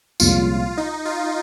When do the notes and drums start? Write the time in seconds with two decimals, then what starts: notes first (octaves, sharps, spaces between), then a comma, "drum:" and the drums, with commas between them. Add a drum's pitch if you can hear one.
0.20 C2 A#2 F3 G#3 C#4 F4, drum: tambourine
0.78 D#4
1.05 F4